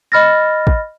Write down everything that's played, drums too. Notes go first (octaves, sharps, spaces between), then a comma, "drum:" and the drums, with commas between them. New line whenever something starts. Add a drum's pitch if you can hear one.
D#5 B5 F6 A6 A#6
drum: kick